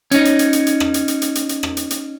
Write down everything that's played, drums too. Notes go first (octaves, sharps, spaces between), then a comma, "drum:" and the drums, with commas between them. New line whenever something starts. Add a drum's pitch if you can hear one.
C#4 D#4, drum: hi-hat
drum: hi-hat
drum: hi-hat
drum: hi-hat
drum: hi-hat
drum: rim click
drum: hi-hat
drum: hi-hat
drum: hi-hat
drum: hi-hat
drum: hi-hat
drum: rim click
drum: hi-hat
drum: hi-hat